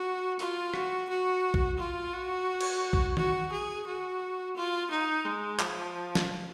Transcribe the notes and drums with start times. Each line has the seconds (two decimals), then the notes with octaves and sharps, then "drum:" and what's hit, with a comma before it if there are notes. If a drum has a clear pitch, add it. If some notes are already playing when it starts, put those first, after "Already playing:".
Already playing: F#4
0.39 F4, drum: open hi-hat
0.74 F#4, drum: rim click
1.09 F#4
1.54 drum: kick
1.78 F4
2.13 F#4
2.61 drum: cymbal
2.93 drum: kick
3.17 F#4, drum: tom D#3
3.52 G#4
3.86 F#4
4.56 F4
4.90 D#4
5.25 G#3
5.59 F3, drum: clap
6.15 drum: snare